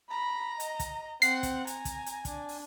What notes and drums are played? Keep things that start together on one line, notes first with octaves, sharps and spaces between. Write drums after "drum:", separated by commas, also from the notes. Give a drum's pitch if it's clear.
A#5 B5
D#5, drum: hi-hat
drum: kick, hi-hat
C4 F#5 C7, drum: hi-hat
drum: kick, hi-hat
G#5 A#5, drum: hi-hat
drum: kick, hi-hat
drum: hi-hat
D4, drum: kick, hi-hat
drum: open hi-hat